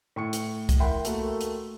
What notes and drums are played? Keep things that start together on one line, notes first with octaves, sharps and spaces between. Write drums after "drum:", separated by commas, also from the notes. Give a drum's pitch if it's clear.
A2 C#6 C#7
drum: hi-hat
drum: kick C2, hi-hat
A#4 E5 F#5 G5 B5 C6
A3 A#3 F#4 A4, drum: hi-hat
drum: hi-hat